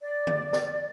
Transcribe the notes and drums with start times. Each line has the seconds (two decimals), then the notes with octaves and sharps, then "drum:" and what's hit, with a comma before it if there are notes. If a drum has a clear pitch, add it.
0.01 D5
0.27 drum: tom D3
0.53 drum: snare